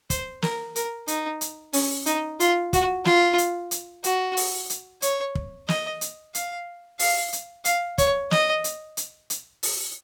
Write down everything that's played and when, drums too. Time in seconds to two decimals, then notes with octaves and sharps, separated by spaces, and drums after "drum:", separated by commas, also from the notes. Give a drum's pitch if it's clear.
0.10 C5, drum: kick, hi-hat
0.42 A#4, drum: snare
0.76 A#4, drum: hi-hat
1.08 D#4, drum: hi-hat
1.41 drum: hi-hat
1.73 C#4, drum: open hi-hat
2.06 D#4, drum: hi-hat
2.40 F4, drum: hi-hat
2.73 F#4, drum: kick, hi-hat
3.05 F4, drum: snare
3.38 drum: hi-hat
3.71 drum: hi-hat
4.04 F#4, drum: hi-hat
4.37 drum: open hi-hat
4.70 drum: hi-hat
5.02 C#5, drum: hi-hat
5.35 drum: kick
5.69 D#5, drum: snare
6.01 drum: hi-hat
6.35 F5, drum: hi-hat
6.99 F5, drum: open hi-hat
7.33 drum: hi-hat
7.65 F5, drum: hi-hat
7.98 C#5, drum: kick, hi-hat
8.31 D#5, drum: snare
8.64 drum: hi-hat
8.97 drum: hi-hat
9.30 drum: hi-hat
9.63 drum: open hi-hat